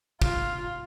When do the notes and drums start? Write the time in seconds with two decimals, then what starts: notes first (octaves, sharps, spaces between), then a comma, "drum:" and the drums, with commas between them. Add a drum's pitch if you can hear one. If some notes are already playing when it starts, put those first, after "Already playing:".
0.22 F4, drum: kick